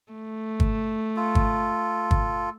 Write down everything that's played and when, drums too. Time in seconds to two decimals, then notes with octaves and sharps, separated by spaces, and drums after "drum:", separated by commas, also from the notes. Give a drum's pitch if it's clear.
0.12 A3
0.60 drum: kick
1.16 F4 A4
1.35 drum: kick
2.11 drum: kick